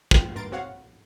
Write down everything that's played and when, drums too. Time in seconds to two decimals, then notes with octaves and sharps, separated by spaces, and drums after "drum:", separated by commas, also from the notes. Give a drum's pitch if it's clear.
0.11 F4 C5 G5 F6, drum: kick
0.36 G2 A#4 C6 A6 D7
0.52 C4 F#4 C#5 F5 F#5